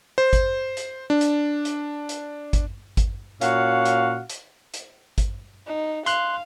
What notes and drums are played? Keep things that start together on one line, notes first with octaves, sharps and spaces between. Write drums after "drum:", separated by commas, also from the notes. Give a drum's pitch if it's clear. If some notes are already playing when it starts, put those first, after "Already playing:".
C5
drum: kick G#1, hi-hat
drum: hi-hat
D4
drum: hi-hat
drum: hi-hat
drum: hi-hat
drum: kick G#1, hi-hat
drum: kick G#1, hi-hat
A#2 C#4 F#4 F5 F#5, drum: hi-hat
drum: hi-hat
drum: hi-hat
drum: hi-hat
drum: kick G#1, hi-hat
D#4
F5 C6 F#6, drum: hi-hat